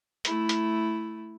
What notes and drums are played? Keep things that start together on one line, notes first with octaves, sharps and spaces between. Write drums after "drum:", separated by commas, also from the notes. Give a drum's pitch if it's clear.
A3 E4, drum: hi-hat
drum: hi-hat